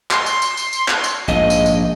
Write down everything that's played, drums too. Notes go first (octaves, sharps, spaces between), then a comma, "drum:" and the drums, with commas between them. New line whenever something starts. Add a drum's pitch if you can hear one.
C6, drum: clap
drum: tambourine
drum: tambourine
drum: tambourine
drum: tambourine
drum: clap
drum: tambourine
A#1 G#2 D#5
drum: tambourine
drum: tambourine